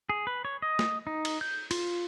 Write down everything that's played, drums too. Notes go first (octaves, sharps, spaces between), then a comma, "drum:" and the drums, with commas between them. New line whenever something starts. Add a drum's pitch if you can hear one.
G#4
B4
C#5
D#5
drum: snare
D#4
drum: cymbal
G6
F4, drum: cymbal